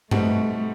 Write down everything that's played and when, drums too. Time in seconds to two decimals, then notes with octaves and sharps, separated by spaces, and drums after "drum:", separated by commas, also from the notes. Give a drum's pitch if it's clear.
0.11 B2 G3 A3 C4 D#4 F#4, drum: tom G2